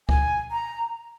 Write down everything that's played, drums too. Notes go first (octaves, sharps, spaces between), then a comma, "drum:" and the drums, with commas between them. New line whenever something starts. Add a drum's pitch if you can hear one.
G#5, drum: kick
A#5